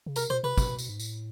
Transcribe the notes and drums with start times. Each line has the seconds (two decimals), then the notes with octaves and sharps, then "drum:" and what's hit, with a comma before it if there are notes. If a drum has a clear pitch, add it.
0.06 C#3
0.16 C3 A#4, drum: tambourine
0.30 B2 C5
0.43 C3 B4
0.58 B2, drum: kick, tambourine
0.79 drum: tambourine
0.89 G#2
1.00 A2, drum: tambourine